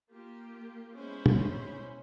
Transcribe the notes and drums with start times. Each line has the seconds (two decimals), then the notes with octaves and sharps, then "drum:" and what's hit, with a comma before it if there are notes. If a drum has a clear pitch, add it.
0.11 A#3 F4 G4
0.96 G#3 B3 C#4 E4 C5 B5
1.26 drum: tom